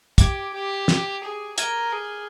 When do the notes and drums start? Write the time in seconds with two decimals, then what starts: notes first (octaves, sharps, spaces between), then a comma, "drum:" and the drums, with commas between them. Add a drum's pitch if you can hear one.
0.18 G4 D6 G#6 D7, drum: kick, hi-hat
0.54 G4
0.88 drum: snare
1.23 G#4
1.58 A#4 F6 G#6 D#7 G7, drum: hi-hat
1.92 G#4